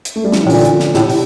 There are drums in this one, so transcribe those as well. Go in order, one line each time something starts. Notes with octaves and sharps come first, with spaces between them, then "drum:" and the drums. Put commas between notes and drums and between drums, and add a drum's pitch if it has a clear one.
drum: hi-hat
A3
G3
F3, drum: snare
E3
A2
A#2 D3, drum: open hi-hat
drum: hi-hat
drum: snare
A2 C3, drum: snare
drum: open hi-hat